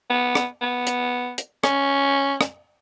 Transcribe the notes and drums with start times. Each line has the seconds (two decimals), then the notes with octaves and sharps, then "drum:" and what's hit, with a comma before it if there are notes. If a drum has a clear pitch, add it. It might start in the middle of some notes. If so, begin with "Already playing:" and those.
0.10 B3
0.35 drum: rim click
0.61 B3
0.87 drum: hi-hat
1.38 drum: hi-hat
1.64 C#4, drum: rim click
2.41 drum: rim click